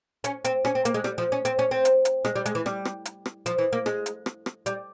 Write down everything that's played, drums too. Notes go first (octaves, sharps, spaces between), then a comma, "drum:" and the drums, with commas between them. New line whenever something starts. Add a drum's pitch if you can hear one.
C#4, drum: hi-hat
C4, drum: hi-hat
C#4, drum: rim click
C4
A#3, drum: hi-hat
G#3
G3, drum: rim click
F3
C#4
C4, drum: hi-hat
C#4
C4
drum: hi-hat
drum: hi-hat
G#3, drum: rim click
G3
G#3, drum: hi-hat
E3
G3, drum: rim click
drum: rim click
drum: hi-hat
drum: rim click
F3, drum: hi-hat
E3
A#3
G#3, drum: rim click
drum: hi-hat
drum: rim click
drum: rim click
G3, drum: hi-hat